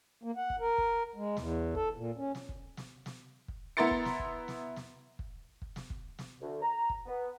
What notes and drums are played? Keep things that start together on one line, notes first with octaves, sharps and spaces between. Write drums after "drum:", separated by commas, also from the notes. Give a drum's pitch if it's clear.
A#3
F#5
drum: kick
A#4
drum: kick
G#3
E2, drum: snare
A4, drum: kick
A#2
C#4
drum: snare
drum: kick
drum: snare
drum: snare
drum: kick
B3 E4 A#5 C6 A6 C#7
drum: kick
drum: snare
drum: kick
drum: snare
drum: snare
drum: kick
drum: kick
drum: snare
drum: kick
drum: snare
D2
A#5
drum: kick
B3